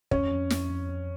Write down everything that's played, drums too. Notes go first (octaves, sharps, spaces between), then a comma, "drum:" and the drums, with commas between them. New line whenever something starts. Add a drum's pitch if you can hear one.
F2 C#4, drum: kick
F2
F2, drum: snare
F2
F2